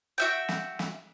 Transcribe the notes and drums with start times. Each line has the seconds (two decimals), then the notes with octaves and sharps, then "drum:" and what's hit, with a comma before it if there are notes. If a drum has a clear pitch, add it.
0.18 F#4 E5 G5
0.49 drum: snare
0.79 drum: snare